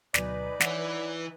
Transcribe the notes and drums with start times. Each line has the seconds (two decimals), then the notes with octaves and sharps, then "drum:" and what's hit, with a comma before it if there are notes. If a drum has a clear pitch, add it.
0.14 D2 B2 F#3 D#4 B4 D5 G#5, drum: snare
0.60 E3 E4 C#5 F#5, drum: snare